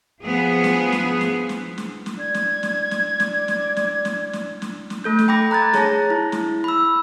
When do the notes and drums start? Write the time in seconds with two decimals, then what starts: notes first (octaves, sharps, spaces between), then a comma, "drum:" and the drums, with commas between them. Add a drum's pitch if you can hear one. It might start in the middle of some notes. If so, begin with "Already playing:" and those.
0.21 F3 B3 G#4
0.64 drum: snare
0.92 drum: snare
1.21 drum: snare
1.49 drum: snare
1.78 drum: snare
2.06 drum: snare
2.20 D5 G#6
2.34 drum: snare
2.63 drum: snare
2.91 drum: snare
3.20 drum: snare
3.48 drum: snare
3.77 drum: snare
4.05 drum: snare
4.33 drum: snare
4.62 drum: snare
4.90 drum: snare
5.04 A3 A4 G6
5.19 drum: snare
5.28 G5 B5 D6 A#6
5.51 A#5 F#6 G#6 A6
5.74 G#4 C#5 A5 A#6, drum: snare
6.10 E4
6.32 drum: snare
6.64 B5 E6